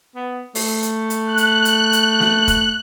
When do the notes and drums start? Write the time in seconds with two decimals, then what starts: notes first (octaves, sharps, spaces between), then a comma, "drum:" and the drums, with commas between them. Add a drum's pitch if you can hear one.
0.16 B3
0.55 A3, drum: open hi-hat
0.82 drum: hi-hat
1.10 drum: hi-hat
1.27 F#6
1.38 drum: hi-hat
1.65 drum: hi-hat
1.93 drum: hi-hat
2.20 drum: snare
2.48 drum: kick E1, hi-hat